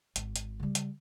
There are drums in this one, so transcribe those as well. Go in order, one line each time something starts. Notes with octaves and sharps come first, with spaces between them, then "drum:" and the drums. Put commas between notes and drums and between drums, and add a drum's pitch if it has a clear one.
G#1, drum: hi-hat
drum: hi-hat
C#3 G3
drum: hi-hat